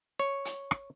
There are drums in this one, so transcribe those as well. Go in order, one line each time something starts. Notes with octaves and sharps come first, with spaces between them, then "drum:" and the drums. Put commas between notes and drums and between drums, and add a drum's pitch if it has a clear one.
C#5
drum: hi-hat
drum: rim click